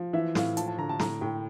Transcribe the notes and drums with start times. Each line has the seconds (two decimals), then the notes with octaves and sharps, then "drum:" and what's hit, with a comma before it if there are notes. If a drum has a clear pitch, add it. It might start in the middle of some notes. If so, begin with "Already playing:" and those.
Already playing: F3
0.13 E3 E5
0.35 A2 F5, drum: snare
0.57 F3 A5, drum: hi-hat
0.68 A5
0.78 D3 A#5
0.89 A5
0.99 A2 A#5, drum: snare
1.21 A2 G5